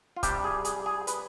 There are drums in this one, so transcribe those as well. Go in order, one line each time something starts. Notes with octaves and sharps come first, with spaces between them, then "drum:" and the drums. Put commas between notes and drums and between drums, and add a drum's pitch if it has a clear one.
F4
C3 G3 D4 G4, drum: kick, hi-hat
G#4
G#4, drum: hi-hat
G#4
B4, drum: hi-hat